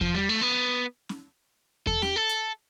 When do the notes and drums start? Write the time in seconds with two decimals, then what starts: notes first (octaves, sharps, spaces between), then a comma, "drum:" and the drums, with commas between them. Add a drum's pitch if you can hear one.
0.01 F3, drum: kick E2
0.15 G3
0.29 A3
0.42 B3
1.09 drum: snare
1.87 A4, drum: kick E2
2.02 G4, drum: snare
2.16 A4
2.29 drum: hi-hat